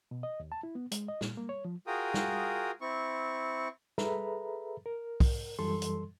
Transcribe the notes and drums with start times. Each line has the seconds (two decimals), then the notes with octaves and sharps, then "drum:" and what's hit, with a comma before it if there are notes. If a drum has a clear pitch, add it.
0.11 B2
0.23 D#5
0.40 D#2
0.52 A5
0.63 E4
0.75 B3
0.91 G#3, drum: hi-hat
1.08 D#5
1.21 A#2, drum: snare
1.37 A#3
1.49 C#5
1.65 F3
1.87 F4 F#4 G#4 A#4 G5 D#6
2.14 drum: snare
2.81 C4 E4 C#6
3.98 G#4 A4 B4 E5 A#5 B5, drum: snare
4.86 A#4
5.20 drum: kick, open hi-hat
5.59 F#2 E3 G3 A4 C6
5.82 drum: hi-hat